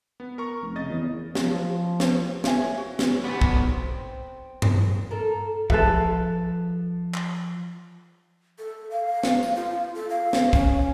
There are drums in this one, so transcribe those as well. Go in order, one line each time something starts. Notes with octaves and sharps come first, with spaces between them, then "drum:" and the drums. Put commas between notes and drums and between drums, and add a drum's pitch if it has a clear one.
B3
A#4 A#5 C#6
F1
C#3 D#5 A6
E2
F3, drum: snare
drum: snare
C#5 E5 G#5, drum: snare
F#4
drum: snare
B1 B3 D5
drum: kick
C4
drum: tom G2
A4 A#4
F3 A4 B4 E5, drum: kick
drum: clap
A4
F5
drum: snare
drum: tambourine
F4
A4
F5
drum: snare
C#4, drum: kick